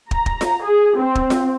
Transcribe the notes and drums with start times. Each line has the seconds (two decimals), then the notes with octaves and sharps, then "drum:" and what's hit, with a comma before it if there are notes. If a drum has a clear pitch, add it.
0.11 A#5, drum: kick
0.26 drum: kick
0.41 drum: snare F4
0.63 G#4
0.97 C4
1.15 drum: kick
1.30 drum: snare F4